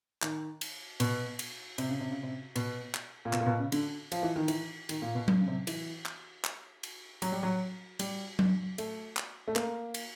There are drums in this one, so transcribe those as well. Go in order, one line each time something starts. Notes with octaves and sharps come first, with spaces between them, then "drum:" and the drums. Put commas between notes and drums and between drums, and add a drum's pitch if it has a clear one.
D#3, drum: clap
drum: cymbal
B2, drum: cymbal
drum: cymbal
C3, drum: cymbal
C#3
C3
C#3
C3
B2, drum: cymbal
drum: clap
A#2
B2, drum: clap
A#2
B2
C#3
D3, drum: cymbal
F3, drum: cymbal
E3
D#3
E3, drum: cymbal
D#3, drum: cymbal
A#2
B2
drum: tom F#3
C#3
C3
E3, drum: cymbal
drum: clap
drum: clap
drum: cymbal
F#3, drum: cymbal
G3
F#3
G3, drum: cymbal
drum: tom F#3
A3, drum: cymbal
drum: clap
A3
A#3, drum: clap
drum: cymbal